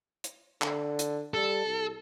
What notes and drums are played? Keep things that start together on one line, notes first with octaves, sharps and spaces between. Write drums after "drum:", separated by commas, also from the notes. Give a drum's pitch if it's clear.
drum: hi-hat
D3, drum: clap
drum: hi-hat
G3 A4
C2